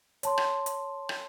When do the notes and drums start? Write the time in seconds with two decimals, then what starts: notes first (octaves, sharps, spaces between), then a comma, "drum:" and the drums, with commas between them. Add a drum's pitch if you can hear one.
0.23 C#5 A5 C6, drum: hi-hat
0.38 drum: rim click
0.66 drum: hi-hat
1.09 drum: rim click